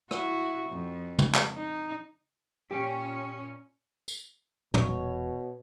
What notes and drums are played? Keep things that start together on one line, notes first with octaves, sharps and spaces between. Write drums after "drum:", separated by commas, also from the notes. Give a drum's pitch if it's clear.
E4 F#4, drum: rim click
F2
drum: tom
drum: clap
D#4
A#2 C#4 G4
drum: tambourine
E1 B2 C#5, drum: tom